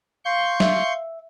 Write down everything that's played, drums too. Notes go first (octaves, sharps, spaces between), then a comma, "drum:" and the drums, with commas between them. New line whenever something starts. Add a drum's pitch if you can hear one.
F5 C6 C#6 G6
E5, drum: snare